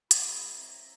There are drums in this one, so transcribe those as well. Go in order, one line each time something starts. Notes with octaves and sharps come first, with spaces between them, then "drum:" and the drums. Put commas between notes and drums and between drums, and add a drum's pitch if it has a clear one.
G#3 E4 F#4 D#5 C6 D#6, drum: hi-hat
C4 A#4 C#5 E5 A#5